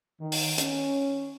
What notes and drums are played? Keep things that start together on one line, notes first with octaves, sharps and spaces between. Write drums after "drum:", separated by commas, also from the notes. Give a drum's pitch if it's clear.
D#3
drum: open hi-hat
C#4, drum: hi-hat